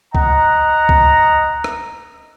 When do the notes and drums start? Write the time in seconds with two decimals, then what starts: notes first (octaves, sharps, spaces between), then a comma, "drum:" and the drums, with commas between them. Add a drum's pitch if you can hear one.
0.15 D#5 F#5 A#5, drum: kick C2
0.89 drum: kick C2
1.64 drum: rim click